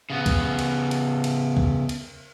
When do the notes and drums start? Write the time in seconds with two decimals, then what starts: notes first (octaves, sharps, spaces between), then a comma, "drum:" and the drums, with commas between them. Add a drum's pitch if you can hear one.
0.10 C#3 B3
0.26 drum: kick, cymbal
0.59 drum: cymbal
0.91 drum: cymbal
1.24 drum: cymbal
1.57 drum: kick
1.89 drum: cymbal